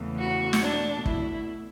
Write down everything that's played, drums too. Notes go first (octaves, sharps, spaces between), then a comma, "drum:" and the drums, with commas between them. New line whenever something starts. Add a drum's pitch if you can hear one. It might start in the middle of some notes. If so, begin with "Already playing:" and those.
Already playing: E2 C#3 E3 A3
F#4
drum: snare
B2 A3 D4
E4, drum: kick